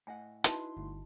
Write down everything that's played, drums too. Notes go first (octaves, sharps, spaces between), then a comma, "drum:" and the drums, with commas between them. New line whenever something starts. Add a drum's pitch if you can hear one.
A2 D#5 F#5 G#5
D#4 E4 F#4 B4 D#5 A5 C6, drum: hi-hat
G1 D2